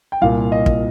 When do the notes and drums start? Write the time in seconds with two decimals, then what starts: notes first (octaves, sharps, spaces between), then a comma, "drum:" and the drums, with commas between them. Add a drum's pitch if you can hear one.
0.12 G5
0.21 C2 A#2 A#3 F4 F5
0.52 D#5
0.66 drum: kick